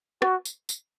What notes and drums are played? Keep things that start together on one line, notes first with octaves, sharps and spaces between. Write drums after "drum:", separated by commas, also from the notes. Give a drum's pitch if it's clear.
F#4, drum: rim click
drum: tambourine
drum: tambourine